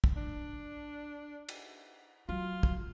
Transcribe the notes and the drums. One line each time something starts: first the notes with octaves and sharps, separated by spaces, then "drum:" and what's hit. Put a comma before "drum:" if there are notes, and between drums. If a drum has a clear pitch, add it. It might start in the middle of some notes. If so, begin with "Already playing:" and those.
drum: kick
D4
drum: cymbal
F#3 F4
drum: kick